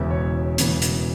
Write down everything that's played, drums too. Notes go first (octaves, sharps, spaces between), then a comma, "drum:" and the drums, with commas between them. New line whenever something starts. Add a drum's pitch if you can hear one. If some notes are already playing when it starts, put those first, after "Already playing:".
Already playing: E1 E2 C#3 E5
C#5
E1 E2 C#3, drum: hi-hat
drum: hi-hat